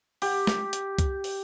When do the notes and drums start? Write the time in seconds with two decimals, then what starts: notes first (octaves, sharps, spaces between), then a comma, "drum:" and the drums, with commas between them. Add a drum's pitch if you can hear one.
0.22 G4, drum: open hi-hat
0.47 drum: snare
0.73 drum: hi-hat
0.99 drum: kick C2, hi-hat
1.24 drum: open hi-hat